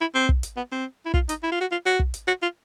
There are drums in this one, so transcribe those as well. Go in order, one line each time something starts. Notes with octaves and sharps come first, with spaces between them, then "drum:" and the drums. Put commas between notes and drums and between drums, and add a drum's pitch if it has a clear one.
E4
C4
drum: kick
drum: hi-hat
B3
C4
E4
F4, drum: kick
D#4, drum: hi-hat
E4
F4
F#4
F4
F#4
drum: kick
drum: hi-hat
F#4
F4